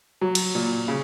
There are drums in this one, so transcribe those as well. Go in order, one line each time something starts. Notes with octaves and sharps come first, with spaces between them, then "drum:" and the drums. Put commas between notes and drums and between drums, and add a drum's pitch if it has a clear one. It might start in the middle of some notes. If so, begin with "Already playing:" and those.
F#3
drum: cymbal
A#2
C#3